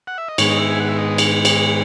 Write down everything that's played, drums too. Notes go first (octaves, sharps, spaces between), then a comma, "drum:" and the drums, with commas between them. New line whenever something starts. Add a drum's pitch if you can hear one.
F#5
E5
D#5
G#2 D#3 G#3 B3 C#5, drum: cymbal
D#5
E5
G#5
F#5
E5
D#5
drum: cymbal
drum: cymbal